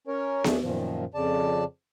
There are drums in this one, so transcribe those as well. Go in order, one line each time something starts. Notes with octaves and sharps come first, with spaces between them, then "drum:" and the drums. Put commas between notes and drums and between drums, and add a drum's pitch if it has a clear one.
C#4 A#4 C#5
D#2 A3 D4 G#4, drum: snare B3
F#2 A#2 D#3 F3
F2 C#3 D5 A5